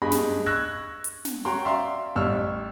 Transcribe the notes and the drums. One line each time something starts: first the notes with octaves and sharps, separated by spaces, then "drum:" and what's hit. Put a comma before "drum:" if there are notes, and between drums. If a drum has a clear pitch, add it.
G2 G#4 D#5 B5 A#6
drum: snare
C#6 E6 F#6 G#6 A#6
drum: hi-hat
drum: snare
C#4 F#4 G5 A#5 C6
D5 E5 F5 A#5 C6
A1 G3 C#6 E6 F6